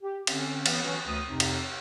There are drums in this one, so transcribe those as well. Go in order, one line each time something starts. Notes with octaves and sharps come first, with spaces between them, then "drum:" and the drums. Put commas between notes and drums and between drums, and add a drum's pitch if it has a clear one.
G4
D3 C4 C#4, drum: cymbal
E3 B3, drum: cymbal
E3 F#3 C#4 F#4
D2 D#6
F2 C3 C4 D#4
drum: cymbal